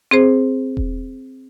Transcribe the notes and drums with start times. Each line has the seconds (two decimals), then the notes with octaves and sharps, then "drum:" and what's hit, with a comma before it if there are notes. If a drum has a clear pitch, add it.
0.11 C4 G#4 C5
0.77 drum: kick E1